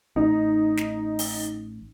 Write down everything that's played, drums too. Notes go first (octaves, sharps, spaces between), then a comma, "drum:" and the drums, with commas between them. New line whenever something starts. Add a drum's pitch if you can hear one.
A1 D#4
drum: snare
drum: open hi-hat